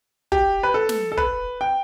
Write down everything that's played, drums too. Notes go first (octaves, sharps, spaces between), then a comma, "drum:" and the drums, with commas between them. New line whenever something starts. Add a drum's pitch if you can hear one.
G4, drum: kick
B4
A4
drum: snare
A4
B4, drum: kick
G5